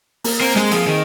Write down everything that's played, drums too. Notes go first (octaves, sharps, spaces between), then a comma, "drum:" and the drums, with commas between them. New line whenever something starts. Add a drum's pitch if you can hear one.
A#3, drum: open hi-hat
A#3 C4
G#3, drum: snare
F3 G#4, drum: cymbal
D#3 G#4